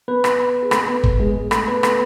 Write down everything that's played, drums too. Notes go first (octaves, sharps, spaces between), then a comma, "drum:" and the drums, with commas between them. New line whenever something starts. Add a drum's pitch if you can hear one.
B3 B4
drum: rim click
G#4
A3 A4, drum: rim click
B3 B4
drum: kick
G#3 G#4
A3 A4, drum: rim click
B3 B4
B3 B4, drum: rim click